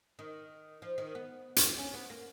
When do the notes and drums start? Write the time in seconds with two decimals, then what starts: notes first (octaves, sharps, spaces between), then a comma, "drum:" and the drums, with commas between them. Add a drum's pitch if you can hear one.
0.19 D#3
0.82 F3
0.98 D#3
1.15 B3
1.56 drum: hi-hat
1.78 C#4
1.94 B3
2.10 A#3